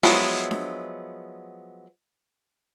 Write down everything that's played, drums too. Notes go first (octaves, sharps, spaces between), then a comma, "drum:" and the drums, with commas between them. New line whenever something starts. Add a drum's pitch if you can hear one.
F3 F#3 G#3 B3 E4, drum: open hi-hat
drum: snare D4